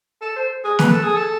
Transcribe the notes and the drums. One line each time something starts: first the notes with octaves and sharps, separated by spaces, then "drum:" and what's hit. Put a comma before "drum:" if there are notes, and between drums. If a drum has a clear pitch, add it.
A4
C5
G#4
B4, drum: snare
A4
G#4
A4